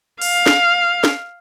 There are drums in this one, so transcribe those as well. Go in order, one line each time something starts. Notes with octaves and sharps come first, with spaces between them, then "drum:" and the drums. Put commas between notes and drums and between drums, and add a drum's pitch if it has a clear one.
F5, drum: open hi-hat
drum: snare
drum: snare